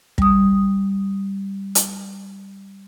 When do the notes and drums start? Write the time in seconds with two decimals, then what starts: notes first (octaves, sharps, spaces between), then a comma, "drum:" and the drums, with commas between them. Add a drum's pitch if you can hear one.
0.18 G3 D#6, drum: kick
1.75 drum: hi-hat